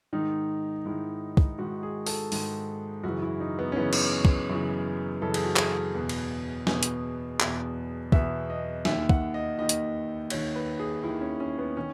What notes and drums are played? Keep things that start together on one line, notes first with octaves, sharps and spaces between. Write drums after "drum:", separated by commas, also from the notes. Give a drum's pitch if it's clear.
G#2 D#3 D#4
G#2 D#3 E4
drum: kick
G#2 D#3 F#4
G#4
A4, drum: open hi-hat
G#2 D#3, drum: open hi-hat
F#2 C#3 E3 F#4
E4
D#4
B3
C#4
F#2 C#3 E3 B3
drum: cymbal
drum: kick
F#2 C#3 E3
F#2 C#3 E3 A4
G#4, drum: cymbal
F#4
G#4, drum: clap
E2 B2
drum: cymbal
E2 B2, drum: snare
drum: hi-hat
E2 B2, drum: clap
E2 B2 E5, drum: kick
D#5
D#2 D#3 E5, drum: snare
F#5, drum: kick
D#5
D#2 D#3 D#5
drum: hi-hat
D#2 D#3 C#5, drum: cymbal
B4
G#4
D#2 D#3 E4
C#4
C#4
B3
D#3 C#4